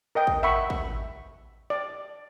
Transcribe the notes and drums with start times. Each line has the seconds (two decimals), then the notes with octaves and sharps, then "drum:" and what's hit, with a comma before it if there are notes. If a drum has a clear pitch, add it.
0.15 A#4 D#5 G5
0.27 drum: kick
0.43 E5 F#5 B5 C#6
0.70 drum: kick
1.70 D5